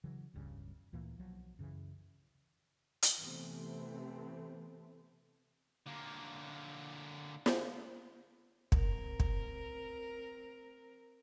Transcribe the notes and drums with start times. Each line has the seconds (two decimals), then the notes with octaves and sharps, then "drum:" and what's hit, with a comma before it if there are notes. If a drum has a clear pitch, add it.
0.04 C#3 E3 F#3
0.34 E1 C#2 G2 C#3
0.93 D2 A#2 E3 A#3
1.18 B1 F3 F#3
1.59 F#2 C#3 E3
3.02 drum: hi-hat
3.19 C3 E3 A3 B3 C4
5.86 D3 A#3
7.46 drum: snare
8.72 C4 A#4, drum: kick
9.20 drum: kick